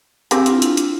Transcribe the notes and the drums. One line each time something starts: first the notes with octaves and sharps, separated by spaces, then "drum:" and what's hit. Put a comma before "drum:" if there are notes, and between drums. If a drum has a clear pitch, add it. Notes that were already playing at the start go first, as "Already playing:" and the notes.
C4 G4 G#4 F5 G5 E6, drum: hi-hat
D4 E4 F4, drum: hi-hat
drum: hi-hat
drum: hi-hat